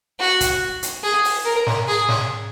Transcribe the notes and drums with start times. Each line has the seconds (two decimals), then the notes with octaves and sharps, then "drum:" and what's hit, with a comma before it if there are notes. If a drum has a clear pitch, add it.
0.20 F#4
0.41 drum: kick, hi-hat
0.83 drum: hi-hat
1.03 G#4
1.25 drum: open hi-hat
1.45 A#4
1.67 drum: snare
1.88 G#4
2.09 drum: snare